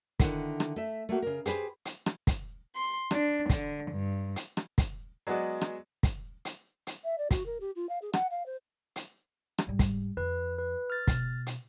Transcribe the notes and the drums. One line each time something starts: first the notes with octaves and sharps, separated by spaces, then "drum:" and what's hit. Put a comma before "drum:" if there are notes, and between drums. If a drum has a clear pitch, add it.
D3 D#3 E4 F#5, drum: kick, hi-hat
drum: rim click
A3 E5
A3 A#3 F#4
C#3 A#4
G4 G#4 B4 C5, drum: hi-hat
drum: hi-hat
drum: rim click
drum: kick, hi-hat
C6
D4, drum: rim click
D3, drum: kick, hi-hat
G2
drum: hi-hat
drum: rim click
drum: kick, hi-hat
F#3 G#3 B3 F#4 D5 D#5
drum: rim click
drum: kick, hi-hat
drum: hi-hat
drum: hi-hat
E5
D5
F#4, drum: kick, hi-hat
A#4
G4
F4
F5
G#4
F#5, drum: rim click
F5
C5
drum: hi-hat
drum: rim click
G#2 G3
drum: kick, hi-hat
F2 B4
B4
F6 A6
B2, drum: kick, hi-hat
drum: hi-hat